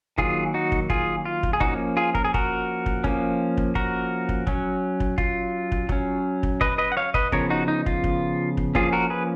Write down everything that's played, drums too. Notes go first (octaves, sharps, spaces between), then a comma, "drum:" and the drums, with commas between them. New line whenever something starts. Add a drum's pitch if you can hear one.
D#3 F#3 A#3 F4 G#4, drum: kick
D#4 F#4
drum: kick
F4 G#4, drum: kick
F4
drum: kick
G#4
F3 A#3 C#4 D#4 F#4, drum: kick
F4 G#4
A#4, drum: kick
G#4
F#4 A#4, drum: kick
drum: kick
F3 A#3 C#4, drum: kick
drum: kick
F#4 A#4, drum: kick
drum: kick
F#3 C#4, drum: kick
drum: kick
F4, drum: kick
drum: kick
F#3 C#4, drum: kick
drum: kick
B4 D#5, drum: kick
B4 D#5
F#5
C#5 F5
B4 D#5, drum: kick
C#3 F3 B3 A#4 C#5, drum: kick
D#4 F#4
D#4
F4, drum: kick
drum: kick
drum: kick
F3 A#3 C#4 F4 G#4, drum: kick
F#4 A#4
G#4 B4